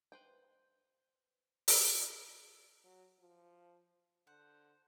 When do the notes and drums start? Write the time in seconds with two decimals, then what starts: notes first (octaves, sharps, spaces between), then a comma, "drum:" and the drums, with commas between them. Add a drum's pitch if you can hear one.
0.12 B4 C5 G5
1.68 drum: open hi-hat
2.84 F#3
3.19 F3
4.27 D3 C5 F#5